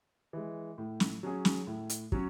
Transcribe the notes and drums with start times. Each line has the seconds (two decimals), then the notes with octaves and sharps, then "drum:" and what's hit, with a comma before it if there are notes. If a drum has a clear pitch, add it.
0.33 E3 G#3
0.78 A2
1.00 drum: snare
1.23 F#3 C#4 G#4
1.45 drum: snare
1.67 A2
1.89 drum: hi-hat
2.12 F#3 C#4, drum: kick